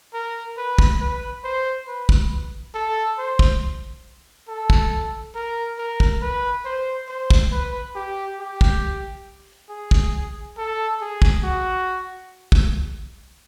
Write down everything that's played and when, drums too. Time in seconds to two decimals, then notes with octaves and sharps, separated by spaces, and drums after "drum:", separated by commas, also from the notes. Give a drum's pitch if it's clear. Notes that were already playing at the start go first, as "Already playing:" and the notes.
0.13 A#4
0.57 B4
0.79 drum: kick
1.00 B4
1.44 C5
1.87 B4
2.09 drum: kick
2.74 A4
3.18 C5
3.39 drum: kick
4.48 A4
4.70 drum: kick
5.34 A#4
5.78 A#4
6.00 drum: kick
6.21 B4
6.65 C5
7.08 C5
7.30 drum: kick
7.52 B4
7.95 G4
8.39 G4
8.61 drum: kick
9.69 G#4
9.91 drum: kick
10.57 A4
11.01 G#4
11.22 drum: kick
11.43 F#4
12.52 drum: kick